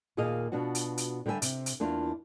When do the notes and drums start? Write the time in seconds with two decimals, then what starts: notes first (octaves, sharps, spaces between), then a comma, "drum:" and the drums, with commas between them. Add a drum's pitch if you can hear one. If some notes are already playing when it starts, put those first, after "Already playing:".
0.17 D#2 A#2 A#3 G#4 D#5 F5
0.52 B2 B3 D4 F4 F#4
0.75 drum: hi-hat
0.98 drum: hi-hat
1.26 D3 G3 G4 A4 E5 G#5
1.42 C3, drum: hi-hat
1.66 drum: hi-hat
1.80 E2 A#3 D4 F4